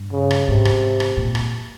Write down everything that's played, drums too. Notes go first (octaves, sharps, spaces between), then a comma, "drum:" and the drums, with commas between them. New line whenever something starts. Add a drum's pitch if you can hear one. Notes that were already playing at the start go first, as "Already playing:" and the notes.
Already playing: G2
C#3
drum: rim click
G#2 C3
drum: rim click
drum: rim click
A#2
drum: rim click